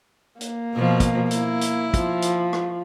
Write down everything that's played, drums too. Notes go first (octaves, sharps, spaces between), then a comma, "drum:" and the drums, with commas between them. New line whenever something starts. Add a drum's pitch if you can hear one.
A#3, drum: hi-hat
B2 F3
drum: kick, hi-hat
E4, drum: hi-hat
drum: hi-hat
F3, drum: kick, hi-hat
drum: hi-hat
drum: rim click